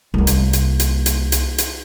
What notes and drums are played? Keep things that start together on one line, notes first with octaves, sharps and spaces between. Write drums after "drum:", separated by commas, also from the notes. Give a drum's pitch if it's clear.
C2 A#3
drum: hi-hat
drum: hi-hat
drum: hi-hat
drum: hi-hat
drum: hi-hat
drum: hi-hat